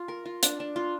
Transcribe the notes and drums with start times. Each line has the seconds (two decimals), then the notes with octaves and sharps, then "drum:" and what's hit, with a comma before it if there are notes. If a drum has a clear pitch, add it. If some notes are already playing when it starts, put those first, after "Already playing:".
Already playing: F4
0.08 A#4
0.25 F4
0.43 D4, drum: hi-hat
0.60 D4
0.76 F4